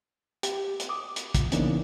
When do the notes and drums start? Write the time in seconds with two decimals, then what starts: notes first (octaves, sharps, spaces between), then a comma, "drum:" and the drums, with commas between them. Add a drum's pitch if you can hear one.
0.43 G4, drum: hi-hat
0.80 drum: hi-hat
0.89 D6 D#6
1.16 drum: hi-hat
1.35 drum: kick, hi-hat
1.52 C#3 E3 A#3 B3 D4 D#4, drum: hi-hat